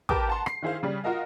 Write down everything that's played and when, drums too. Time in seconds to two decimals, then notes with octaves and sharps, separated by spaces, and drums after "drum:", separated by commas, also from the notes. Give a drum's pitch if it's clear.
0.09 G4 A#4 B4 G5 A5 D6, drum: kick
0.28 F#5 A5 A#5 C6
0.46 C7, drum: rim click
0.62 D#3 E4 G#4 C5 F5
0.83 C#3 G3
1.04 F4 F#4 A#4 D#5 F5